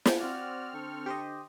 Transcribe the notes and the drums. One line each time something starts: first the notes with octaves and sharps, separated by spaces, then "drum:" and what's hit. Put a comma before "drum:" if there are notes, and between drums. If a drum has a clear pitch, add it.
drum: snare
C4 F#4 D5 F6
D3 A4 C#6
G4 C5 D#5